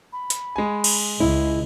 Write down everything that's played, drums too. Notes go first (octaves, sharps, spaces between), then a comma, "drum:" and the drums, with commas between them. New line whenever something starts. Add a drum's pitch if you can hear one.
B5
drum: hi-hat
G#3 G#5
drum: cymbal
C#2 E4 D#5